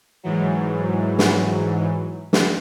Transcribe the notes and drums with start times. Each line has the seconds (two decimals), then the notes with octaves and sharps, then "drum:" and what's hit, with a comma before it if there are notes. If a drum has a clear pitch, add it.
0.23 G#2 E3 F#3
1.19 drum: snare
2.33 drum: snare